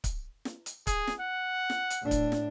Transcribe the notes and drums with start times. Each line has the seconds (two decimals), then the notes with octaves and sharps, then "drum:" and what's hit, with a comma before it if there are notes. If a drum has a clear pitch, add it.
0.04 drum: kick C#1, hi-hat
0.45 drum: snare
0.66 drum: hi-hat
0.87 G#4, drum: kick C#1, hi-hat
1.07 drum: snare
1.20 F#5
1.70 drum: snare
1.90 drum: hi-hat
2.02 A2 D4
2.11 drum: kick C#1, hi-hat
2.32 drum: snare